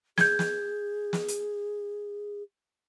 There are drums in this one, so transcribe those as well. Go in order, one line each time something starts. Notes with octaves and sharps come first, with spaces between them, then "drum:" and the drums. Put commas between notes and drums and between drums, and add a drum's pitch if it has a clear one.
G#4 G6 G#6, drum: snare
drum: snare
drum: snare
drum: hi-hat